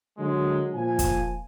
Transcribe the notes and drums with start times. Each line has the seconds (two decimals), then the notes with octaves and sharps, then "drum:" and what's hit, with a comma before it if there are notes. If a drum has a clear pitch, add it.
0.18 D3 F#3 G#3
0.74 A#2 F3 G#5
0.99 drum: kick, hi-hat